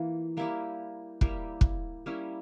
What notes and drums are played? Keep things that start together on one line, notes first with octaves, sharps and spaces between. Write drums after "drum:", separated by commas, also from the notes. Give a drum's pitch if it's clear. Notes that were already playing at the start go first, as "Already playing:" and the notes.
Already playing: E3 A#3 F4
G3 A#3 E4 G4
G3 A#3 E4 G4, drum: kick
drum: kick
G3 A#3 C#4 E4